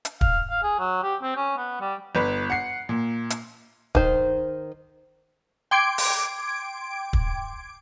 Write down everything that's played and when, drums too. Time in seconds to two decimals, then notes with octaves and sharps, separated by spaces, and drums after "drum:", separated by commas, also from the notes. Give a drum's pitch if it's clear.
0.05 drum: hi-hat
0.21 F5, drum: kick
0.50 F5
0.63 G#4
0.79 F#3
1.03 G4
1.23 C4
1.37 C#4
1.57 B3
1.81 G3
2.15 G1 B4
2.50 F#5 C7
2.89 A#2
3.30 drum: hi-hat
3.95 D#3 C5, drum: kick
5.71 G5 C6 D6 G#6 D7
5.98 drum: open hi-hat
7.13 drum: kick